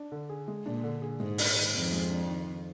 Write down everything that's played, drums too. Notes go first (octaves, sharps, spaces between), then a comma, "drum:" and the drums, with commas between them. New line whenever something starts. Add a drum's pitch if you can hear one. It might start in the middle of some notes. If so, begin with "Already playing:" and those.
Already playing: D4
D3
G#4
G#3
A#2 D4
D3
G#4
G#2 G#3
D4, drum: open hi-hat
D#3
F2 D#3
G#3
D4
D#3
D#3